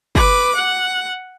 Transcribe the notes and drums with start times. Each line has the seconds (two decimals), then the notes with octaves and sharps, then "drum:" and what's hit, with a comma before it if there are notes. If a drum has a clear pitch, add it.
0.15 B4 D6, drum: kick
0.55 F#5